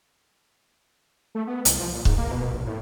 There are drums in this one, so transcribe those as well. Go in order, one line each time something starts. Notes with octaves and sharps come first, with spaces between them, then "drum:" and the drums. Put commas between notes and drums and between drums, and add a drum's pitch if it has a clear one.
A3
B3
C2, drum: hi-hat
F3
A#2
G#2, drum: kick C#1
A#3
B2
A#1
A2